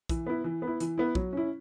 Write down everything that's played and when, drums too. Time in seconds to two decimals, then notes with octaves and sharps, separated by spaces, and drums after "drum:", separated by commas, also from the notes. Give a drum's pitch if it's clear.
0.09 E3, drum: kick, hi-hat
0.26 B3 E4
0.44 E3
0.62 B3
0.67 E4
0.80 E3, drum: hi-hat
0.98 B3 E4
1.15 F#3, drum: kick
1.33 C#4 E4